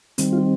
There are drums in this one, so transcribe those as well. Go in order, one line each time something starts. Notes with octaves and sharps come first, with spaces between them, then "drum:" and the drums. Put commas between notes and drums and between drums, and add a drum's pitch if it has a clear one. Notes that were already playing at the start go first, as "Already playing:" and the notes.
D#3 G3 C4, drum: hi-hat
F4